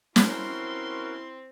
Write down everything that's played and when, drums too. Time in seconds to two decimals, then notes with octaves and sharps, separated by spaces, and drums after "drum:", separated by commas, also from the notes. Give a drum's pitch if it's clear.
0.16 C4 C#4 E4 F#4 A#4 C6, drum: snare